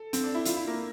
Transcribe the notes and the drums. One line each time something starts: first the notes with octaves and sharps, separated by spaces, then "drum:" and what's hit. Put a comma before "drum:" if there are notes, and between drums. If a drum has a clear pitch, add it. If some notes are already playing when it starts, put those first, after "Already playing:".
Already playing: A4
C4, drum: hi-hat
D4
E4
F4, drum: hi-hat
E4
A#3